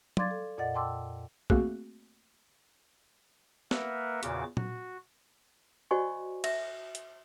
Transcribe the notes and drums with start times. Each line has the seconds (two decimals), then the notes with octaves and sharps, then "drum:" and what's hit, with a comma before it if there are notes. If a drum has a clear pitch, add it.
0.17 D5 F5 C6 D6 G#6 A6, drum: tom F#3
0.31 A4
0.58 F2 A#2 D5 D#5 F#5 A6
0.74 G5 A5 C6 D6 E6
1.50 A3 A#3 C4 F#4 G#4 F#6, drum: kick B1
3.71 A#3 A#4 B4 E5 F#5, drum: snare
4.23 E2 A#2 C#3 F#4 D6, drum: hi-hat
4.57 F#4, drum: tom A#2
5.91 F#4 C5 D5 D#5 G#5 C#6
6.44 E5, drum: cymbal
6.95 drum: hi-hat